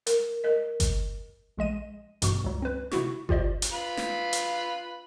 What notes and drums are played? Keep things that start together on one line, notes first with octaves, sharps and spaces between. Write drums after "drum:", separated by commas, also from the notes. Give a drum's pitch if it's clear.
A#4, drum: hi-hat
A#4 D#5
drum: kick G1, hi-hat
A#1 G#3 D#5 D#7
A1 G2 B2 C#6, drum: hi-hat
C#2 F#3
C4 B4
C3 E4 F#4 C#6, drum: snare
F4 G4 C5 D5 D#5, drum: kick G1
drum: hi-hat
F4 B4 B5
drum: snare
drum: hi-hat